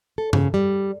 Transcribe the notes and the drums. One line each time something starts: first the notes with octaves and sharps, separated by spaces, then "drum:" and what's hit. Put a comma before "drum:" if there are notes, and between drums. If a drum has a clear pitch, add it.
A4
C#3, drum: tom G2
G3